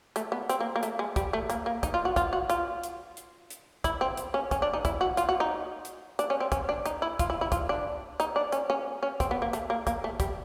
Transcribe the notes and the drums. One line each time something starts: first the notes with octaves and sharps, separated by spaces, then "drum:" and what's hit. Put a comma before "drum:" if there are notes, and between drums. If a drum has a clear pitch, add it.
A3, drum: hi-hat
B3
C4, drum: hi-hat
A#3
A#3
A3, drum: hi-hat
G#3
G3, drum: kick, hi-hat
A3
A#3, drum: hi-hat
A#3
D#4, drum: kick, hi-hat
F4
F#4
F4, drum: kick, hi-hat
F#4
F4, drum: hi-hat
drum: hi-hat
drum: hi-hat
drum: hi-hat
E4, drum: kick, hi-hat
C4
drum: hi-hat
C#4
C#4, drum: kick, hi-hat
D4
D#4
E4, drum: kick, hi-hat
F#4
F4, drum: hi-hat
F#4
D#4
drum: hi-hat
D4, drum: hi-hat
C#4
C4
C#4, drum: kick, hi-hat
D4
D#4, drum: hi-hat
E4
F4, drum: kick, hi-hat
E4
E4
F4, drum: kick, hi-hat
D4
D#4, drum: hi-hat
D4
C#4, drum: hi-hat
C#4
C#4
C4, drum: kick, hi-hat
B3
A#3
A3, drum: hi-hat
A#3
A#3, drum: kick, hi-hat
A3
G3, drum: kick, hi-hat